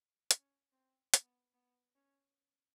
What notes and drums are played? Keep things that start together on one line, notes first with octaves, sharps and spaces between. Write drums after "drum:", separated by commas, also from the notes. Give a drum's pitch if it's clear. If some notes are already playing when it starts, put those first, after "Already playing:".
C#4, drum: hi-hat
C4
B3, drum: hi-hat
B3
C#4